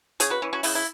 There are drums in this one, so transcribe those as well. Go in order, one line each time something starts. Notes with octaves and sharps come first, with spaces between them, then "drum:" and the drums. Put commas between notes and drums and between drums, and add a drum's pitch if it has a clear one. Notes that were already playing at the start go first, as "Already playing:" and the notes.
C#3 G#4 C#5, drum: hi-hat
F#4 B4
E3 C#4
C#4 F#4
C#3 E4, drum: open hi-hat
E4